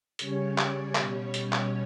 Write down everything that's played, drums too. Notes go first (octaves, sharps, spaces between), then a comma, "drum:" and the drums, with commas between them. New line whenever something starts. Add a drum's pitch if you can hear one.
C#3 G3 C#4 C#5, drum: hi-hat
D5, drum: clap
B2 G3 C#4 C#5, drum: clap
C#5, drum: hi-hat
drum: clap